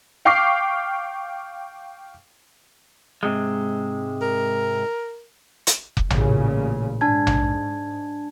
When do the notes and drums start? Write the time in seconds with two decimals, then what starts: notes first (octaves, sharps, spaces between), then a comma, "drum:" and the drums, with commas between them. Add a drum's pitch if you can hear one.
0.25 F5 G5 C#6 D6 F6 C7
3.23 G#2 C3 G#3
4.22 A#4
5.67 drum: hi-hat
5.97 drum: kick F1
6.10 A1 A#2 C#3, drum: tom A#1
7.01 G#2 D4 A5 G#6
7.27 drum: tom A#1